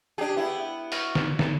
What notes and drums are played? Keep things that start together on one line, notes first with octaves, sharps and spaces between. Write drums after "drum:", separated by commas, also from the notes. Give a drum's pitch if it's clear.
D4 G4 G#4
B3 E4
F#4 F6, drum: open hi-hat
drum: snare
drum: snare